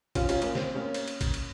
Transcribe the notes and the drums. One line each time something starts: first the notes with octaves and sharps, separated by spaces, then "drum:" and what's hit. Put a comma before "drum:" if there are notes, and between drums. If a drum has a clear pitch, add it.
C#4 F4, drum: kick, cymbal
C#4 F4, drum: cymbal
A#3 C#4, drum: cymbal
C4, drum: snare
A#3 C#4
drum: cymbal
drum: cymbal
drum: kick, cymbal
drum: cymbal